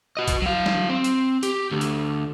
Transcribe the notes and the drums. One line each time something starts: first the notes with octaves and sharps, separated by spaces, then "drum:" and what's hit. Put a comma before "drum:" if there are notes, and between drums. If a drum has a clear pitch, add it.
F#4 D#5
drum: kick, hi-hat
F#3 F5
drum: snare
C4
drum: hi-hat
G4, drum: hi-hat
D2 D3
drum: hi-hat